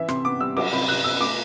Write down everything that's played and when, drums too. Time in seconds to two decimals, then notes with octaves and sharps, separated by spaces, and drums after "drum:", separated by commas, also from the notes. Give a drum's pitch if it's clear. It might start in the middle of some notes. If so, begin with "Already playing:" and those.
Already playing: E3 E5
0.08 C3 C6, drum: rim click
0.25 B3 D6
0.41 G3 E6
0.57 F#3 D6, drum: cymbal
0.73 C3 B5
0.88 C3 F#6
1.04 B3 E6
1.20 A3 D6